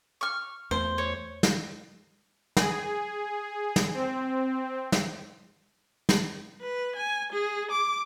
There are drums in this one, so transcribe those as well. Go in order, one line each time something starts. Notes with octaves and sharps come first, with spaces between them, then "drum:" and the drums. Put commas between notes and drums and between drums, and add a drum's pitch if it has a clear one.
C#6 F6
E2 A3 C5
C#5
drum: snare
G#4, drum: snare
drum: snare
C4
drum: snare
drum: snare
B4
G#5
G#4
D6